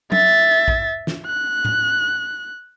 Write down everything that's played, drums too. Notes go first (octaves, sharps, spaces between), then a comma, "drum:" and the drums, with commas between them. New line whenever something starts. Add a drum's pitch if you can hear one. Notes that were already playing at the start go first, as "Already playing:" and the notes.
E5 A6, drum: tom F#3
drum: kick A#1
drum: snare
F#6
drum: tom A2